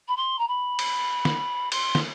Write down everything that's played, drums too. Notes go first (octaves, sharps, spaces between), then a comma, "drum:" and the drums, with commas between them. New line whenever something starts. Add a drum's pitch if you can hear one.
B5
C6
A#5
B5
drum: cymbal
drum: snare
C6, drum: cymbal
drum: snare